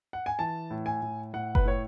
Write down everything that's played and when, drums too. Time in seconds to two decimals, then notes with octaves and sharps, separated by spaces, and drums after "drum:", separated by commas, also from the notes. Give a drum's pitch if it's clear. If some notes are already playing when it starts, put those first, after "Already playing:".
0.13 F#5
0.26 G#5
0.39 E3 A5
0.70 A2
0.86 G#5
1.02 A2
1.33 A2 F#5
1.55 B4, drum: kick F#1
1.65 A2 C#5